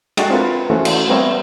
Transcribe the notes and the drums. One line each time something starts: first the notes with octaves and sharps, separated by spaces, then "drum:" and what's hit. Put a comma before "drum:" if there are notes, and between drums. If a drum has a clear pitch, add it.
G#3 D4 F#4 A4, drum: cymbal
C4 F4 A#4 B4
E3 A3 C#4 F#4 A4 C5
drum: cymbal
G3 B3 C4 A#4 C#5 E5